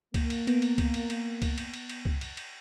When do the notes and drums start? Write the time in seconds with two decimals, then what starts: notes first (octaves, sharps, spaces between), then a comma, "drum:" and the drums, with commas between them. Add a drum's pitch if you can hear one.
0.14 A#3, drum: kick, cymbal
0.30 drum: cymbal
0.47 B3, drum: cymbal
0.62 drum: cymbal
0.78 drum: kick, cymbal
0.94 drum: cymbal
1.10 drum: cymbal
1.42 drum: kick, cymbal
1.58 drum: cymbal
1.74 drum: cymbal
1.89 drum: cymbal
2.05 drum: kick
2.21 drum: cymbal
2.37 drum: cymbal